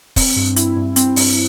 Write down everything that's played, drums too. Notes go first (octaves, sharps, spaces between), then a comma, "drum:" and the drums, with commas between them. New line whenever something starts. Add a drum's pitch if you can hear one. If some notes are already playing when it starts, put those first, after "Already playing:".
C4, drum: kick, open hi-hat
G2
E4, drum: hi-hat
G2
C4, drum: hi-hat
G2, drum: open hi-hat